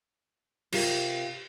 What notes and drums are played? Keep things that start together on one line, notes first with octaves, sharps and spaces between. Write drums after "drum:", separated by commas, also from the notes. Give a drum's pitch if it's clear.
C3 F4 G4 A#4, drum: cymbal